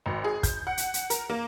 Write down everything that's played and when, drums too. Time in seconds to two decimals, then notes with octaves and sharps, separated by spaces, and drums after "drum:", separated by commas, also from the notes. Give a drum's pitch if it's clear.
0.06 G#1
0.24 G#4
0.43 G6, drum: kick, hi-hat
0.67 F#5
0.77 drum: hi-hat
0.94 drum: hi-hat
1.10 A#4, drum: hi-hat
1.30 A#3